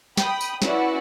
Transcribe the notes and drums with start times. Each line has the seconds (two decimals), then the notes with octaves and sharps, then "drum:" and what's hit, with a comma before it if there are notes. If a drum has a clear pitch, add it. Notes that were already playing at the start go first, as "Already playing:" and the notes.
0.17 G5 B5 D#6, drum: snare
0.41 drum: tambourine
0.62 C#4 E4 F#4 B4 D5, drum: snare